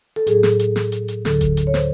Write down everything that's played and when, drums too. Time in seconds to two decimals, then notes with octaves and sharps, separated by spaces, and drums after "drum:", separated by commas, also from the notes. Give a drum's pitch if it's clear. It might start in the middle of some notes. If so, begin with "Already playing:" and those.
0.16 A4
0.27 A2 F#3 G#4, drum: hi-hat
0.43 drum: snare
0.59 drum: hi-hat
0.76 drum: snare
0.92 drum: hi-hat
1.08 drum: hi-hat
1.25 D2 D3 F#3 A4, drum: snare
1.41 drum: kick F1, hi-hat
1.57 drum: hi-hat
1.67 C#5
1.74 C5, drum: snare